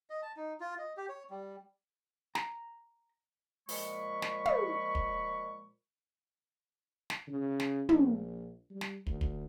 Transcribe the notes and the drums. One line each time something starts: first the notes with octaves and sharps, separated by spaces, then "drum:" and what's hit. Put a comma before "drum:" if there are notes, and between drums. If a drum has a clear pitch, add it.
D#5
A5
D#4
F4
D#5
G4
C#5
G3
A#5, drum: snare
A#2 F3 G#3 B5 C#6, drum: open hi-hat
drum: snare
drum: tom
drum: kick
drum: snare
C#3
drum: snare
A#1, drum: tom
G3
drum: snare
D2, drum: kick
drum: kick